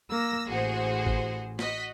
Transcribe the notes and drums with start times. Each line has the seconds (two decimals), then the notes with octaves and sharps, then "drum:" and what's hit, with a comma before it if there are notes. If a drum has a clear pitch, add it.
0.11 A#3 E6 A#6
0.47 A1 F#4 G#4 C5
1.06 drum: kick
1.59 F#4 D#5 B6, drum: snare